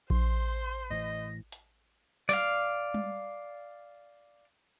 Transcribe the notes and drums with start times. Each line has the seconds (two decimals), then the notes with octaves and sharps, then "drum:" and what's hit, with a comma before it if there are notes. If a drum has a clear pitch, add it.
0.10 C5 C6, drum: kick A#1
0.90 A2 E3 D#5 A#6
1.52 drum: hi-hat
2.29 D5 F5, drum: snare
2.94 drum: tom G3